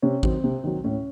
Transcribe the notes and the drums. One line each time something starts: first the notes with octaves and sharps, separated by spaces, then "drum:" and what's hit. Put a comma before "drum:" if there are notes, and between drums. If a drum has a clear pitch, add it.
C3 C#4
D#3 F#3 C4, drum: kick A1
C3
D#3 F#3
A2 C#4